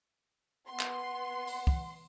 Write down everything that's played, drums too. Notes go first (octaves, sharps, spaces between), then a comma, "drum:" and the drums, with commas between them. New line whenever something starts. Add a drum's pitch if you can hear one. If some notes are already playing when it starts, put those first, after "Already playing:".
B3 F#5 C6
drum: clap
drum: open hi-hat
drum: kick